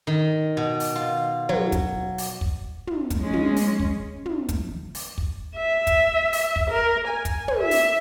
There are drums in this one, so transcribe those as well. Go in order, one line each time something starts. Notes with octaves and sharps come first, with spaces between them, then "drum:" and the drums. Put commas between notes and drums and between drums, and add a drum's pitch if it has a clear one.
D#3
B2
drum: open hi-hat
F4
F#3, drum: tom
drum: kick, hi-hat
drum: open hi-hat
drum: kick
drum: tom
drum: kick, hi-hat
G#3 C#4
drum: tom
drum: open hi-hat
drum: kick
drum: tom
drum: kick, hi-hat
drum: open hi-hat
drum: kick
E5
drum: kick, hi-hat
drum: open hi-hat
drum: kick
A#4
G#5
drum: kick, hi-hat
drum: tom
E5
drum: open hi-hat